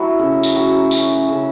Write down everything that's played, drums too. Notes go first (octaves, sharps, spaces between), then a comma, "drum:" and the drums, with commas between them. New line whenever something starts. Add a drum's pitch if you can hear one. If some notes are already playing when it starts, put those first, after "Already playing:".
Already playing: F#3 A3 E4
C#3
drum: tambourine
F#3
C#4, drum: tambourine
C#3